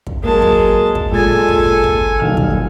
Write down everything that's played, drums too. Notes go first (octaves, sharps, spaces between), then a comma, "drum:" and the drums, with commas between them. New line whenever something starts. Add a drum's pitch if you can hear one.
drum: kick
F#3 G#3 A#3 A5
drum: kick
drum: kick
A#2 G#3 A4 G#5 A6
drum: kick
drum: kick
D#1 B1 F6
drum: kick